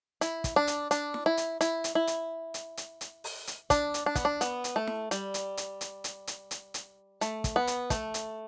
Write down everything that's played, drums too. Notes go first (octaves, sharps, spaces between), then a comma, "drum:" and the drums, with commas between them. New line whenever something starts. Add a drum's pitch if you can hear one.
E4, drum: hi-hat
drum: kick, hi-hat
D4
drum: hi-hat
D4, drum: hi-hat
drum: snare
E4
drum: hi-hat
E4, drum: hi-hat
drum: hi-hat
E4
drum: hi-hat
drum: hi-hat
drum: hi-hat
drum: hi-hat
drum: open hi-hat
drum: hi-hat
D4, drum: kick, hi-hat
drum: hi-hat
D4
B3, drum: kick, hi-hat
D4
B3, drum: hi-hat
drum: hi-hat
A3
drum: snare
G3, drum: hi-hat
drum: hi-hat
drum: hi-hat
drum: hi-hat
drum: hi-hat
drum: hi-hat
drum: hi-hat
drum: hi-hat
A3, drum: hi-hat
drum: kick, hi-hat
B3
drum: hi-hat
A3, drum: kick, hi-hat
drum: hi-hat